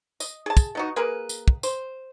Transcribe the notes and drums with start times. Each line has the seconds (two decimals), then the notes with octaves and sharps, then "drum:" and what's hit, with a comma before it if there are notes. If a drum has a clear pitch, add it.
0.20 D#5, drum: tambourine
0.46 G#4 A5
0.57 drum: kick, tambourine
0.75 B2 D#4 F#4
0.96 A#3 G#4 A#4 B4
1.29 drum: tambourine
1.48 drum: kick
1.63 C5, drum: tambourine